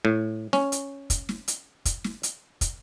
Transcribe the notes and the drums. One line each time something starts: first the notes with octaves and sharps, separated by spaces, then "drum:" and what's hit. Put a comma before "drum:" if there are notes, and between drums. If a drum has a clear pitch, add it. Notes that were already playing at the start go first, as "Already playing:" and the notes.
A2
C#4, drum: snare
drum: hi-hat
drum: kick, hi-hat
drum: snare
drum: hi-hat
drum: kick, hi-hat
drum: snare
drum: hi-hat
drum: kick, hi-hat